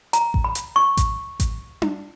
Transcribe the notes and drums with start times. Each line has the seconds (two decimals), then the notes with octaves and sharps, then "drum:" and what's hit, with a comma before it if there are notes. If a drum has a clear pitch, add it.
0.13 A#5, drum: hi-hat
0.34 drum: kick A1
0.44 B5
0.55 drum: hi-hat
0.76 C#6
0.97 drum: kick A1, hi-hat
1.40 drum: kick A1, hi-hat
1.82 drum: tom D4